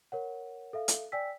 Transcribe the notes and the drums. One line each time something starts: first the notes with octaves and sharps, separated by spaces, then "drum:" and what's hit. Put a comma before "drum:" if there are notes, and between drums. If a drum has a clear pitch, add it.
A#4 C#5 F#5
A4 E5 F5
drum: hi-hat
D5 G5 G#5 E6 B6